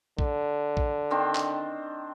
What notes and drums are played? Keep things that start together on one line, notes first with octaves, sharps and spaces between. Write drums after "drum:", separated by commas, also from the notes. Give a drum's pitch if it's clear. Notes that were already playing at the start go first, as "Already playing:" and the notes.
D3, drum: kick A#1
drum: kick A#1
D#3 C4 D4
drum: clap